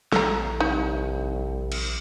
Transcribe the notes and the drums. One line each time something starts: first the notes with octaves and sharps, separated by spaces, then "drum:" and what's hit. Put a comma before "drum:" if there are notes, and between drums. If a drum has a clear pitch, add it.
A#1 A4 A#5, drum: snare
C2 D#4
drum: cymbal